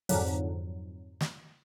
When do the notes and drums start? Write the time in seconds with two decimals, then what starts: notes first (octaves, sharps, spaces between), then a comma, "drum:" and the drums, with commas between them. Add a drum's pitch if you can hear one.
0.09 F2 G#2 D3 F3 F#3, drum: open hi-hat
1.21 drum: snare